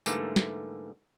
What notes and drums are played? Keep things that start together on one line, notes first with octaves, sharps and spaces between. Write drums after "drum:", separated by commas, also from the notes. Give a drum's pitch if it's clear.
G#2 D3 E3 G3 A3 A#3, drum: tambourine
drum: snare